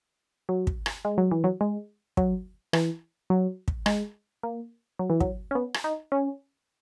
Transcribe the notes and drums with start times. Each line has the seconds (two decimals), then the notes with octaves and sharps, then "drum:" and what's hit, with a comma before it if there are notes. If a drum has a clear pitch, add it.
0.49 F#3
0.67 drum: kick
0.86 drum: rim click
1.05 G#3
1.18 F#3
1.31 E3
1.44 F#3
1.61 G#3
2.17 F#3, drum: kick
2.73 E3, drum: rim click
3.30 F#3
3.68 drum: kick
3.86 G#3, drum: rim click
4.43 A#3
4.99 F#3
5.10 E3
5.20 F#3, drum: kick
5.51 C#4
5.55 B3
5.74 drum: rim click
5.84 D#4
6.12 C#4